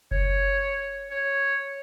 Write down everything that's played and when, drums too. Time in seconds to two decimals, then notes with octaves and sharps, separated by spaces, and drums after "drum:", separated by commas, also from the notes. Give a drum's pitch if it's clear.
0.11 C#5, drum: kick F#1
1.10 C#5